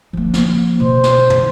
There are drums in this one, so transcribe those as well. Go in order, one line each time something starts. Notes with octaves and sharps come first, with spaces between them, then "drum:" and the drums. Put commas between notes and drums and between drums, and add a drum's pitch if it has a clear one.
F3 A#3
drum: snare
B2 C5
drum: snare
drum: tom